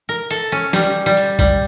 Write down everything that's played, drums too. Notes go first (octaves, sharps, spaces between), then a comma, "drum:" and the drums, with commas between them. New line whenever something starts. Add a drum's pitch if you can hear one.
A#4
A4, drum: hi-hat
C#4
G3, drum: snare
G3
drum: hi-hat
G3, drum: kick